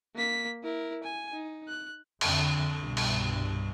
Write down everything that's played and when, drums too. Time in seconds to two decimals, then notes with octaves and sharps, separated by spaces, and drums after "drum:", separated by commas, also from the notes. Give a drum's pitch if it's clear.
0.15 A#3 B6
0.64 E4 A#4
1.03 G#5
1.33 D#4
1.68 F#6
2.21 F2 D3, drum: cymbal
2.77 C2 G2 B2
2.97 drum: cymbal